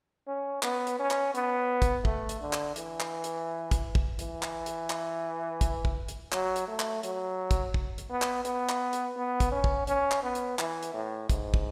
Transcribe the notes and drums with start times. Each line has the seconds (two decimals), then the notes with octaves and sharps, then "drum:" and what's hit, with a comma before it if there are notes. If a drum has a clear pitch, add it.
0.27 C#4
0.63 B3, drum: clap
0.87 drum: hi-hat
0.99 C#4
1.11 drum: clap
1.35 B3, drum: hi-hat
1.82 drum: kick, hi-hat
2.05 A3, drum: kick
2.29 drum: hi-hat
2.41 D3
2.53 drum: clap
2.76 E3, drum: hi-hat
3.00 drum: clap
3.24 drum: hi-hat
3.71 drum: kick, hi-hat
3.95 drum: kick
4.19 E3, drum: hi-hat
4.43 drum: clap
4.66 drum: hi-hat
4.90 drum: clap
5.61 drum: kick, hi-hat
5.85 drum: kick
6.08 drum: hi-hat
6.32 F#3, drum: clap
6.56 drum: hi-hat
6.68 A3
6.80 drum: clap
7.03 F#3, drum: hi-hat
7.51 drum: kick, hi-hat
7.74 drum: kick
7.98 drum: hi-hat
8.10 B3
8.22 drum: clap
8.45 B3, drum: hi-hat
8.69 drum: clap
8.93 drum: hi-hat
9.17 B3
9.40 drum: kick, hi-hat
9.52 C#4
9.64 drum: kick
9.87 C#4, drum: hi-hat
10.11 drum: clap
10.23 B3
10.35 drum: hi-hat
10.59 E3, drum: clap
10.83 drum: hi-hat
10.94 A2
11.29 G#2, drum: kick, hi-hat
11.54 drum: kick